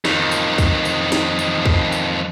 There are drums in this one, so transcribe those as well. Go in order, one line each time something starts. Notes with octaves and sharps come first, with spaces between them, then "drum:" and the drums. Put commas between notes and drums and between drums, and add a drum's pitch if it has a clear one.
F2 D#3, drum: snare
drum: tambourine
drum: kick, tambourine
drum: tambourine
drum: snare
drum: tambourine
drum: kick
drum: tambourine